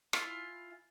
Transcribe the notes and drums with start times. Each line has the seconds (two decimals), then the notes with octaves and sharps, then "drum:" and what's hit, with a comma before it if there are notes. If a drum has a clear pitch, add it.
0.13 E4 F4 F5 G#5, drum: rim click